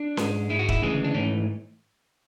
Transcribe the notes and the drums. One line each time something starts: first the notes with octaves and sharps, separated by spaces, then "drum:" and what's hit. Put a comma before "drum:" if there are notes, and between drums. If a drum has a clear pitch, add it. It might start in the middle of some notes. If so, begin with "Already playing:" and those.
Already playing: D4
G#2 G#3, drum: snare C#4
G#2 G#3 E4
F#4
E4, drum: kick
D2 C#3 E3 G#3 G#4
D4
G#2 E3 A3 C#4